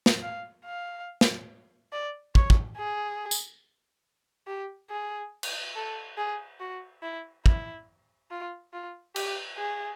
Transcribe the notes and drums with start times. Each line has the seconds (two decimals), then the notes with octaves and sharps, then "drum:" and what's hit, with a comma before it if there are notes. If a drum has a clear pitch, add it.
0.06 drum: snare
0.23 F5
0.65 F5
1.21 drum: snare
1.92 D5
2.35 C#5, drum: kick
2.50 drum: kick
2.77 G#4
3.31 drum: tambourine
4.47 G4
4.90 G#4
5.43 drum: cymbal
5.76 A4
6.18 G#4
6.60 F#4
7.03 E4
7.46 E4, drum: kick
8.31 F4
8.73 F4
9.16 G4, drum: cymbal
9.58 G#4